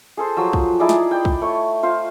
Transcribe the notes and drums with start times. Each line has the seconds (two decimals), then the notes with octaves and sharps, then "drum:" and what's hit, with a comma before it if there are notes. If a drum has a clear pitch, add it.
0.17 G#4 A4 C5
0.37 F3 F#3 E6
0.53 drum: kick
0.80 D#4 E4 G#4 D5
0.89 drum: snare
1.11 D5 G5
1.25 drum: kick
1.41 A3 C#5
1.83 F4 C5 F5